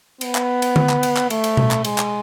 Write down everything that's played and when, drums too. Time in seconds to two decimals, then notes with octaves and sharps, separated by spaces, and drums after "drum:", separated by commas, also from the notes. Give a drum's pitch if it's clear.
0.21 B3, drum: cymbal
0.35 drum: clap
0.62 drum: cymbal
0.76 drum: tom D3
0.89 drum: clap
1.03 drum: cymbal
1.17 drum: clap
1.30 A3, drum: cymbal
1.44 drum: cymbal
1.57 drum: tom B2
1.71 drum: clap
1.85 G#3, drum: cymbal
1.98 drum: clap